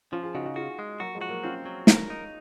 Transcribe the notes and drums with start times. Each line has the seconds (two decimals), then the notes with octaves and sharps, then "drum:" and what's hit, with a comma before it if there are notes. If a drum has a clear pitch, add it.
0.12 F3 C#4 F4
0.23 F4 G#4
0.35 C#3 D#4 F#4
0.46 D#4 F#4
0.56 F4 F#4 G#4
0.79 G#3
1.00 F#3 A#3 F#4
1.15 F3 G#3
1.21 F#4
1.29 F#3 A#3
1.43 C4 C#4 F4
1.66 F#3
1.87 A#4, drum: snare
2.10 D#4